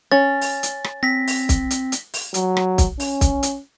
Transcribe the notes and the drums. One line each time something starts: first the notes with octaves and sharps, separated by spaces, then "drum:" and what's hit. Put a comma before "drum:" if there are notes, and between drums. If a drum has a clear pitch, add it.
C#4 A6
drum: open hi-hat
drum: hi-hat
drum: rim click
C4 A#6 B6
drum: open hi-hat
drum: kick B1, hi-hat
drum: hi-hat
drum: hi-hat
drum: open hi-hat
F#3, drum: hi-hat
drum: rim click
drum: kick B1, hi-hat
C#4, drum: open hi-hat
drum: kick B1, hi-hat
drum: hi-hat